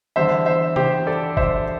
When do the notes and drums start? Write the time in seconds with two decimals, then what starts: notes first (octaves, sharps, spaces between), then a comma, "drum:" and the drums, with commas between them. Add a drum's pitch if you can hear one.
0.16 E2 D3 G3 C5 E5
0.46 C5 E5
0.76 G4 C5, drum: tom
1.07 A4 D5
1.37 C5 E5, drum: kick G1